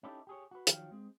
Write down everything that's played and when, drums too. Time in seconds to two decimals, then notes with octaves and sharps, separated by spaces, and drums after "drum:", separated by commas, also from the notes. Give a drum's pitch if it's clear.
0.03 C#4 D#4 E4 G4 A4
0.27 G4 G#4 C#5
0.51 F#4 B4
0.67 D#3 F3 F#3 A#4 F5 G5, drum: hi-hat
0.91 G#3 C4 G#4